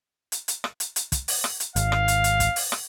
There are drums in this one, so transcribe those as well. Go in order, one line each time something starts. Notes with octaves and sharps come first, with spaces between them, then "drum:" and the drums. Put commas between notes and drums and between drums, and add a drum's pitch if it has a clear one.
drum: hi-hat
drum: hi-hat
drum: rim click
drum: hi-hat
drum: hi-hat
drum: kick, hi-hat
drum: open hi-hat
drum: rim click
drum: hi-hat
G#1 F5, drum: hi-hat
drum: rim click
drum: hi-hat
drum: hi-hat
drum: kick, hi-hat
drum: open hi-hat
drum: rim click